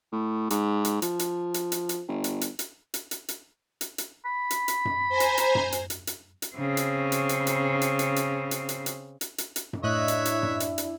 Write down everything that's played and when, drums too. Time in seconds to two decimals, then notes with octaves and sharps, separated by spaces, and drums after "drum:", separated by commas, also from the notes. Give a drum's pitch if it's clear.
0.12 A2
0.50 G#2, drum: hi-hat
0.85 drum: hi-hat
1.02 F3, drum: hi-hat
1.19 drum: hi-hat
1.54 drum: hi-hat
1.72 drum: hi-hat
1.89 drum: hi-hat
2.08 G1
2.24 drum: hi-hat
2.41 drum: hi-hat
2.59 drum: hi-hat
2.94 drum: hi-hat
3.11 drum: hi-hat
3.28 drum: hi-hat
3.81 drum: hi-hat
3.98 drum: hi-hat
4.25 B5
4.50 drum: hi-hat
4.68 drum: hi-hat
4.85 drum: tom F#2
5.09 C5 G#5 A#5
5.20 drum: hi-hat
5.38 drum: hi-hat
5.55 drum: tom F#2
5.72 drum: hi-hat
5.90 drum: hi-hat
6.07 drum: hi-hat
6.42 drum: hi-hat
6.56 C#3 C4
6.77 drum: hi-hat
7.12 drum: hi-hat
7.29 drum: hi-hat
7.47 drum: hi-hat
7.82 drum: hi-hat
7.99 drum: hi-hat
8.16 drum: hi-hat
8.51 drum: hi-hat
8.69 drum: hi-hat
8.86 drum: hi-hat
9.21 drum: hi-hat
9.38 drum: hi-hat
9.56 drum: hi-hat
9.73 drum: tom F#2
9.84 A2 D4 E4 C#5 D#5 E5 F#6
10.08 drum: hi-hat
10.25 drum: hi-hat
10.43 drum: tom F#2
10.60 drum: hi-hat
10.78 drum: hi-hat